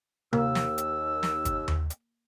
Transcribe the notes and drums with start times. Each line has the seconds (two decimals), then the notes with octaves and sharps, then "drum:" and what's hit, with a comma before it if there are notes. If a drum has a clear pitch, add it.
0.33 D#2 A#3 E6, drum: tom C3
0.55 drum: snare
0.78 drum: hi-hat
1.23 drum: snare
1.45 drum: kick, hi-hat
1.68 drum: tom D#2
1.90 drum: hi-hat